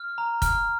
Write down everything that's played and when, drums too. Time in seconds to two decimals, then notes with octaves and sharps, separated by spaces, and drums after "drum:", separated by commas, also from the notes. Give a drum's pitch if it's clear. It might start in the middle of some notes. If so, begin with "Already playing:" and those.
Already playing: F6
0.18 A#5
0.42 F6, drum: kick, hi-hat